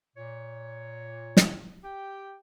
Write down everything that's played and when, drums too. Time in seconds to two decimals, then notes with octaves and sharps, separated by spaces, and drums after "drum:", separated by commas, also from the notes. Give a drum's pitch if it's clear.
0.17 A#2 C#5
1.37 drum: snare
1.84 G4 G5